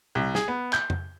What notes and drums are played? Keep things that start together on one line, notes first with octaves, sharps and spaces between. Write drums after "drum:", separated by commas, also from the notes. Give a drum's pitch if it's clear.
C2
G#4, drum: snare
B3
G6, drum: clap
drum: tom F2